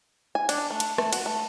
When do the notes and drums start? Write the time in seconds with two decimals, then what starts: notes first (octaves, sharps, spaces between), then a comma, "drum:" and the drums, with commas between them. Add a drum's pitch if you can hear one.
0.35 G#5
0.49 D4, drum: cymbal
0.71 A3
0.80 drum: cymbal
0.98 A3, drum: rim click
1.13 F#4, drum: cymbal
1.26 A3